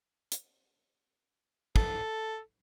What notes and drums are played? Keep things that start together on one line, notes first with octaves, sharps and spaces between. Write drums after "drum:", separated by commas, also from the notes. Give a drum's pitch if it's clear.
drum: hi-hat
A4, drum: kick